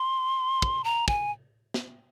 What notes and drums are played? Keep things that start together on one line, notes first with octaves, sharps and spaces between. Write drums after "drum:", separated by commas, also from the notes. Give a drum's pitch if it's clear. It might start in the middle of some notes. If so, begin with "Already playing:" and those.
Already playing: C6
drum: kick
A#5
G#5, drum: kick
drum: snare